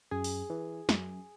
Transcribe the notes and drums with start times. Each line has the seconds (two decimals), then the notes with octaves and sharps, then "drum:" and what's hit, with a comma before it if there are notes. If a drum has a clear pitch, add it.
0.11 F#2 G#4
0.24 drum: open hi-hat
0.50 E3
0.89 F#2, drum: snare